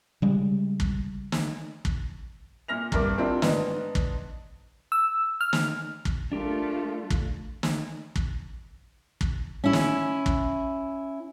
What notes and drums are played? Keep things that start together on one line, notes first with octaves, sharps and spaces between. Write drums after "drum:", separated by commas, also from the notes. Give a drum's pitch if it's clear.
C#3 G3 G#3
drum: kick
drum: snare
drum: kick
A#2 F6 A#6 F7
C2 G2 A#4 D6, drum: kick
C3 D#3 C4 D4 E4 F4
G#2 B3 D4 D#5, drum: snare
drum: kick
E6
F6
drum: snare
drum: kick
A3 D4 F4 G4 A#4
drum: kick
drum: snare
drum: kick
drum: kick
C#4 E4
drum: snare
drum: kick